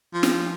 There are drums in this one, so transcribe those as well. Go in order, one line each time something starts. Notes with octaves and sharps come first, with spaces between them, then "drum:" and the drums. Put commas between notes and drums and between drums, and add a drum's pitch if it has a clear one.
F3
drum: snare